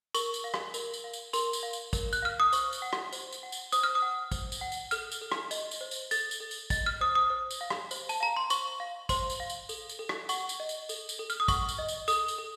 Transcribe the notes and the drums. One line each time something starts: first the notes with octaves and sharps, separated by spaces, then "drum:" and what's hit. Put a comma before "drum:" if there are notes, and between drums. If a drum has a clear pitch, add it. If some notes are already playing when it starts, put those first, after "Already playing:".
A#4 C#6, drum: tambourine
drum: tambourine
F5
drum: rim click
A#4, drum: tambourine
drum: tambourine
F5
drum: tambourine
A#4 C6, drum: tambourine
drum: tambourine
F5
drum: tambourine
A#4, drum: kick, tambourine
F#6, drum: tambourine
F5 F6
D#6
C5 C#6, drum: tambourine
drum: tambourine
F#5
drum: rim click
C5, drum: tambourine
drum: tambourine
F#5
drum: tambourine
C5 D#6, drum: tambourine
F6
D#6
F#5
C5, drum: kick, tambourine
drum: tambourine
F#5
drum: tambourine
A4 F6, drum: tambourine
drum: tambourine
A4
drum: rim click
D#5, drum: tambourine
drum: tambourine
C5
drum: tambourine
A4 A6, drum: tambourine
drum: tambourine
A4
drum: tambourine
D#5 A6, drum: kick, tambourine
F6
C5 D#6
D#6
C5
drum: tambourine
F5
drum: rim click
C5, drum: tambourine
A5, drum: tambourine
F5 A#5
C6
C5 C#6, drum: tambourine
F5
C5 C6, drum: kick, tambourine
drum: tambourine
F5
drum: tambourine
A4, drum: tambourine
drum: tambourine
A4
drum: rim click
F#5 C#6, drum: tambourine
drum: tambourine
D#5
drum: tambourine
A4, drum: tambourine
drum: tambourine
A4
F6, drum: tambourine
D#6
F#5 C#6, drum: kick, tambourine
drum: tambourine
D#5
drum: tambourine
A4 D#6, drum: tambourine
drum: tambourine
A4